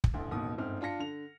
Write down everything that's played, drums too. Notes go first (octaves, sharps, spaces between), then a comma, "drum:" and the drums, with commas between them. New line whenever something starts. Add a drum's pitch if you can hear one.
drum: kick
A1 D2
A1 D#2 B2 D#6
G1 G#2 C4 F6
D4 F4 A5 A#6 C#7
D3 F7